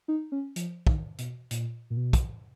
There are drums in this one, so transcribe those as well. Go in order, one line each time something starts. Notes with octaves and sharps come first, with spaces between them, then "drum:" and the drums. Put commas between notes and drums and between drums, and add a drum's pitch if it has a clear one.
D#4
C#4
F3, drum: hi-hat
D#3, drum: kick
B2, drum: hi-hat
A#2, drum: hi-hat
A#2
B2
drum: kick, hi-hat